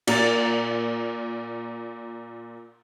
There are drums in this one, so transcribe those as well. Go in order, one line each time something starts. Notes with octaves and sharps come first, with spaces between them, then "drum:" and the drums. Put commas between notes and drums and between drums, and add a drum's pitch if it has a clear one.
A#2 A#4 A6, drum: cymbal